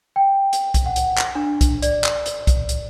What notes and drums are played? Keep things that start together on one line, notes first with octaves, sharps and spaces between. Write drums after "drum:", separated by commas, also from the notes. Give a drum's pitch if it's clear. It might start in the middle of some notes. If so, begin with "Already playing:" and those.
G5
drum: hi-hat
drum: kick C2, hi-hat
F#5
drum: hi-hat
drum: clap
D4
drum: kick C2, hi-hat
D5, drum: hi-hat
drum: clap
drum: hi-hat
drum: kick C2, hi-hat
drum: hi-hat